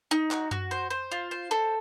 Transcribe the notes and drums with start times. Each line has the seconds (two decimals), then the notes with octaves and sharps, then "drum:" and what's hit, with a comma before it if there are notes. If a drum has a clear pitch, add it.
0.11 D#4
0.31 F#4, drum: clap
0.51 F#4, drum: tom F#2
0.71 C5
0.90 C5
1.11 F4
1.31 C5
1.51 A4